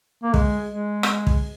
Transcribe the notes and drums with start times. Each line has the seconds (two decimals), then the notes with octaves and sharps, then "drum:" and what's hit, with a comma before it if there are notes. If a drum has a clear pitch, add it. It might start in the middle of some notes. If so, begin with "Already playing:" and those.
0.23 A#3
0.34 G#3, drum: kick
0.68 G#3
1.03 drum: rim click
1.27 drum: kick